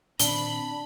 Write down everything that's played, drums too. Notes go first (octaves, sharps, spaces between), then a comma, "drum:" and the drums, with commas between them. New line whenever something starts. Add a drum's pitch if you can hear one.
A#2 D#3 C4 D4 B5 G7, drum: hi-hat